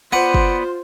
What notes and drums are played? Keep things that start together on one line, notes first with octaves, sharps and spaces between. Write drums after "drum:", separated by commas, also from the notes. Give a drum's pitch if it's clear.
B3 F4 B4 C5 D5 F#5
drum: kick